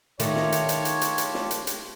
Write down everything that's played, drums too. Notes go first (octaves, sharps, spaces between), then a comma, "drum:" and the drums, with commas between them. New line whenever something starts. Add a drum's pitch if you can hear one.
D#3 A3 F4 G4 C#5 A5, drum: hi-hat
drum: snare
drum: hi-hat
drum: hi-hat
drum: hi-hat
drum: hi-hat
drum: hi-hat
drum: snare
drum: hi-hat
drum: hi-hat